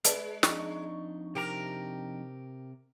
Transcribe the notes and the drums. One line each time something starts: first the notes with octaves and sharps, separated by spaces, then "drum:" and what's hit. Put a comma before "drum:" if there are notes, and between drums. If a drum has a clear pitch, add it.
G#3 B4 D5 A5, drum: hi-hat
F2 D4 D#4 C#6, drum: snare
C3 G4 A#4 G5 A#5